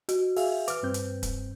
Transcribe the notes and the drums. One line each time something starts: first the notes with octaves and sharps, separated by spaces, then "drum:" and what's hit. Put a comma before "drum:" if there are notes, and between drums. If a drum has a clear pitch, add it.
F#4, drum: hi-hat
G#4 E5 F5, drum: open hi-hat
B4 D6 F6, drum: hi-hat
G2 C4 G6
drum: hi-hat
drum: kick, hi-hat